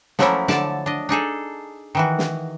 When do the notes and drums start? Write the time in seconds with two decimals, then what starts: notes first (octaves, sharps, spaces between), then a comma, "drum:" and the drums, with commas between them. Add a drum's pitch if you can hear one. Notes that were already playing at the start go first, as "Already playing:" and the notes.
0.19 F3 F#3 A3 A#3 C#4 E4, drum: snare
0.48 D3 D5 A5, drum: snare
0.86 D4 D#5
1.09 D4 D#4 G#4 A4
1.95 D#3 E3 F#4
2.19 drum: snare